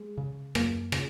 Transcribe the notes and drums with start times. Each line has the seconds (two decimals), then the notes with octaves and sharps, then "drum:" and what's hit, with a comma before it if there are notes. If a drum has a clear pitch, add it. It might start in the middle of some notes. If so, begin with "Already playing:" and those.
Already playing: G#3
0.18 C#3
0.55 F#2 A#3, drum: rim click
0.92 C#3, drum: rim click